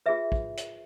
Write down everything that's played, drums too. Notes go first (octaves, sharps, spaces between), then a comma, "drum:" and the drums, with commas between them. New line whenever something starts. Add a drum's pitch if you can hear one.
F4 G#4 B4 E5
drum: kick
drum: hi-hat